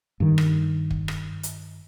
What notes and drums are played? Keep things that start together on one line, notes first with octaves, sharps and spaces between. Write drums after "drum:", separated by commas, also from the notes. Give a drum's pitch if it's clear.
G2 D#3
drum: rim click
drum: kick
drum: rim click
drum: hi-hat